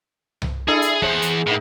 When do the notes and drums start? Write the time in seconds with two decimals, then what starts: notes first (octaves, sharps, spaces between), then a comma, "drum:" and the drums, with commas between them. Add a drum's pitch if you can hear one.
0.42 drum: tom C2
0.68 D4 E4 G#4 A4
0.82 drum: hi-hat
1.02 E3 G#4 C5 F#5, drum: kick
1.22 drum: hi-hat
1.47 A2 A#3 B3 D#4